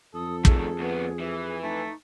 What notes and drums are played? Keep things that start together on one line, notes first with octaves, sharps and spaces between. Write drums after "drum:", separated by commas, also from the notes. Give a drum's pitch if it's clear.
F2 A4 D#6
D#3 A3 G#4, drum: kick
D2 B3
E3
A3 D#4